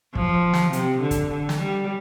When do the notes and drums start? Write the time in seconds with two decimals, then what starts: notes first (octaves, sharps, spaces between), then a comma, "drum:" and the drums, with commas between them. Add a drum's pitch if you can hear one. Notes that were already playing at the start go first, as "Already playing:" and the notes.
0.15 F3, drum: kick
0.54 drum: snare
0.73 C3, drum: hi-hat
1.01 D3
1.11 drum: kick, hi-hat
1.30 D3
1.49 drum: snare
1.58 G3